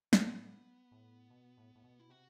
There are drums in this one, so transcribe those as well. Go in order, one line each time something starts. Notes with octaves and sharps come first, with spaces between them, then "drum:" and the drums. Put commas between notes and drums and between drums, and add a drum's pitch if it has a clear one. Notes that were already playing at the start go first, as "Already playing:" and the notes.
C4, drum: snare
A2
B3
A2
B2
A2
A2
B2
E4
C3 F#4